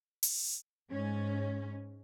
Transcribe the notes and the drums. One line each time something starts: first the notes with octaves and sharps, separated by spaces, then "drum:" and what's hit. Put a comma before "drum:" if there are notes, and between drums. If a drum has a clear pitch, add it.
drum: open hi-hat
G#2 C#4